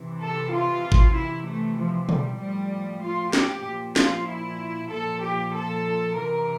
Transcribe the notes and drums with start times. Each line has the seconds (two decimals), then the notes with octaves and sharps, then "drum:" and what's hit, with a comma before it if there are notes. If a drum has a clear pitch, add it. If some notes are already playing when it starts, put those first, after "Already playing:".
Already playing: C3 E3
0.20 A4
0.51 F4
0.92 drum: kick G#1
1.14 C3 E3 E4
1.45 A3
1.77 F3
2.09 G3, drum: tom
2.39 A2 F3 G3
3.02 F4
3.33 G4, drum: snare
3.65 A#2 F3
3.96 F4, drum: snare
4.28 E4
4.91 A#2 F3 A4
5.22 G4
5.54 A4
6.16 C3 E3 A#4